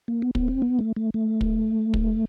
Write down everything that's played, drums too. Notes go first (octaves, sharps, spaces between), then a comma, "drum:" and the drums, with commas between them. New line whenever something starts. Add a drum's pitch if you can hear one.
A#3
B3
B3, drum: kick
C4
B3
A3
A3
A3
drum: kick
drum: kick